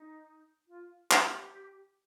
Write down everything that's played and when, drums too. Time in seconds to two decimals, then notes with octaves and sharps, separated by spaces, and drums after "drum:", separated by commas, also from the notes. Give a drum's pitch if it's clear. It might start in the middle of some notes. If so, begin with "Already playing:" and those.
Already playing: D#4
0.67 F4
1.11 G4, drum: clap